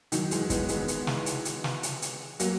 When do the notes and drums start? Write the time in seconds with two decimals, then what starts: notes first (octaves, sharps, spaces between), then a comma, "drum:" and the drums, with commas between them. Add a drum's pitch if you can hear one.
0.12 D#3 F#3, drum: hi-hat
0.31 E3 G#3, drum: hi-hat
0.50 G#3 B3, drum: kick, hi-hat
0.69 G#3 B3, drum: hi-hat
0.88 drum: hi-hat
1.07 drum: snare
1.26 drum: hi-hat
1.45 drum: hi-hat
1.64 drum: snare
1.83 drum: hi-hat
2.02 drum: hi-hat
2.40 F#3 A#3, drum: hi-hat